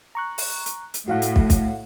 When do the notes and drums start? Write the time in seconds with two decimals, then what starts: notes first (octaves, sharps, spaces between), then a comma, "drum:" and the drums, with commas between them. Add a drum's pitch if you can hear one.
0.15 A#5 C#6 F#6
0.38 drum: open hi-hat
0.66 drum: hi-hat
0.94 drum: hi-hat
1.08 A2 F#4 F5 F#5
1.22 drum: hi-hat
1.36 drum: kick
1.50 drum: kick, hi-hat